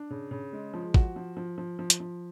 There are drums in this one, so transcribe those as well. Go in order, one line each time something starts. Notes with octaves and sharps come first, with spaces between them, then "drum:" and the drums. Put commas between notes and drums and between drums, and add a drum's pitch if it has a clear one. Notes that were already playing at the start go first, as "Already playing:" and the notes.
Already playing: D4
C#3
C#3
G#3
F3
F#4, drum: kick
F3
F3
F3
F3
drum: hi-hat
F3